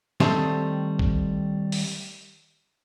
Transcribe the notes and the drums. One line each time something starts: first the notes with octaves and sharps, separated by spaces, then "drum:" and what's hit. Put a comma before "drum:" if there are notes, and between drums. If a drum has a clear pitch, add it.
D#3 G3 A3 C4, drum: snare
drum: kick
drum: open hi-hat